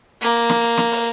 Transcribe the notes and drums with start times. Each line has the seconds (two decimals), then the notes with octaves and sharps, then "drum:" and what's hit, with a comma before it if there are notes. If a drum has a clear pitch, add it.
0.21 A#3, drum: hi-hat
0.35 drum: hi-hat
0.49 drum: snare
0.63 drum: hi-hat
0.77 drum: snare
0.91 drum: open hi-hat